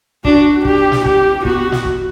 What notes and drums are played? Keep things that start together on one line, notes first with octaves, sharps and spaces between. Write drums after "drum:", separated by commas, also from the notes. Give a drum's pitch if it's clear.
D4 F#4, drum: kick
G4, drum: kick
drum: snare
G4, drum: kick
B3 F#4, drum: kick
drum: snare
drum: kick